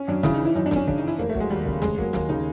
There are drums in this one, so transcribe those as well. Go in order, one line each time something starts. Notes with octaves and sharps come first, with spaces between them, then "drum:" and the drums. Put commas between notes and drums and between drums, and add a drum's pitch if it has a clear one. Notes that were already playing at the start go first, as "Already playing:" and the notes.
Already playing: C#4
F#2 D4
C#3 E4, drum: snare
D#4
E3
E4
F#2 D#4
D4
F#2 C#4, drum: snare
C#3 D4, drum: kick
E3 D#4
E4
F1 A#3
A3
F#3, drum: kick
G#3
D#2 G3
C#3, drum: kick
F1 G#3, drum: snare
F#3 A#3, drum: kick
D#2 A#3, drum: snare
C#3 D#4